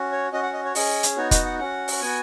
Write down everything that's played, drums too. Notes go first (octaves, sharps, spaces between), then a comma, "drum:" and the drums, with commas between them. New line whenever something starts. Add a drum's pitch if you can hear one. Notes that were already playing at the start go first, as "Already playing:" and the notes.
Already playing: C#4 F#4
C#5
C#4 F#4 D#5
F#5
D#5
C#5
C#4 G#4 D#5, drum: open hi-hat
drum: hi-hat
B3 D#4 F#4 C#5
D#5, drum: kick F1, hi-hat
F#5
C#4 F#4 F#5
drum: open hi-hat
B3 F#4 G#5